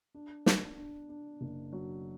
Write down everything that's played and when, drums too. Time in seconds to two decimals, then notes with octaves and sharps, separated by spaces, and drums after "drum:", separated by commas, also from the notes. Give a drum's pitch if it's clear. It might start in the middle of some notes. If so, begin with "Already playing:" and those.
0.15 D4
0.46 D4, drum: snare
0.78 D4
1.09 D4
1.41 F#1
1.72 F#3